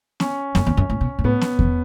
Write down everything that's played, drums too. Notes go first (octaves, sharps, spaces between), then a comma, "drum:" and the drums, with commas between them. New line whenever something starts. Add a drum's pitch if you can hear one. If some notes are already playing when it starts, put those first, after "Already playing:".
C#4, drum: snare B3
F#2, drum: snare B3
E2
F#2
A2
B2
G#2
A2 B3
drum: snare B3
D#3, drum: kick E2